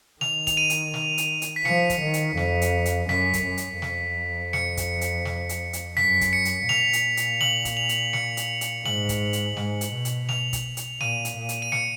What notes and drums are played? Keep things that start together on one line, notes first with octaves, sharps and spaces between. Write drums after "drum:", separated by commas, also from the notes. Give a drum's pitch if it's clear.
D#3 F7, drum: snare
F7, drum: kick, hi-hat
D#7
drum: hi-hat
drum: snare
drum: hi-hat
drum: hi-hat
B6
F3 C#7, drum: snare
drum: kick, hi-hat
D#3
drum: hi-hat
F2, drum: snare
drum: hi-hat
drum: hi-hat
F#2 B6, drum: snare
drum: kick, hi-hat
F#2
drum: hi-hat
F2, drum: snare
C#7, drum: snare
drum: kick, hi-hat
drum: hi-hat
drum: snare
drum: hi-hat
drum: hi-hat
F#2 B6, drum: snare
drum: kick, hi-hat
C#7
drum: hi-hat
A#2 F7, drum: snare
drum: hi-hat
drum: hi-hat
F#7, drum: snare
drum: kick, hi-hat
F7
drum: hi-hat
C#7, drum: snare
drum: hi-hat
drum: hi-hat
G#2 F#7, drum: snare
drum: kick, hi-hat
drum: hi-hat
G#2, drum: snare
drum: hi-hat
B2
drum: hi-hat
F7, drum: snare
drum: kick, hi-hat
drum: hi-hat
A#2 D#7, drum: snare
drum: hi-hat
A#2
drum: hi-hat
D#7
C#7, drum: snare